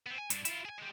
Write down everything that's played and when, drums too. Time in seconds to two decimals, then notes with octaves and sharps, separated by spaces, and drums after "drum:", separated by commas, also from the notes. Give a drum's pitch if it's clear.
0.06 B3 C4
0.18 G#5
0.30 G2 D4, drum: hi-hat
0.45 E4 F4, drum: hi-hat
0.65 G#4 G#5
0.78 G3 G#3